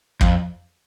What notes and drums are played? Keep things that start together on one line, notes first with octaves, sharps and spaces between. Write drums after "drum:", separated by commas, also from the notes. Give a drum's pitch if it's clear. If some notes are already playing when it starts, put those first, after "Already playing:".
F2, drum: kick